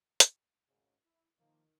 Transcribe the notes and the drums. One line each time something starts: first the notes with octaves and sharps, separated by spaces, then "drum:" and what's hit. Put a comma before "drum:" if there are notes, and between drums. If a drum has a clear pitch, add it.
drum: hi-hat
G#1 G#2 C#3
E4
D#3 F3 A#3